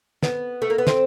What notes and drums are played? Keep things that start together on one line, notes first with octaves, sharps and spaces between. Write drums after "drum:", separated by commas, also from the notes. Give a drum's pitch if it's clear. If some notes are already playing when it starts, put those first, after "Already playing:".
B3, drum: snare
A3
A#3
B3
C4, drum: snare